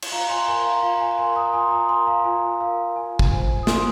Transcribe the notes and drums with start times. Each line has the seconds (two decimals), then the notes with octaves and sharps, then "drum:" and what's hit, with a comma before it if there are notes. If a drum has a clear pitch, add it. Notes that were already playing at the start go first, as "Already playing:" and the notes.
0.02 drum: cymbal
0.12 F4 F5 A#5
0.29 G#5 C6
0.48 A#4 G#5 C6
0.65 F5 A#5
0.83 F4 F5
1.01 G#5
1.18 A#4 G#5 C6
1.36 A#5 D#6
1.53 F4 G#5 C6
1.71 A#5 D#6
1.89 A#4 G#5 C6
2.07 F5 A#5
2.24 F4 G#5
2.60 A#4 F5
2.96 F4 G#5
3.19 drum: kick
3.32 C5 G#5
3.63 D#6
3.67 F4 G#5 C6, drum: snare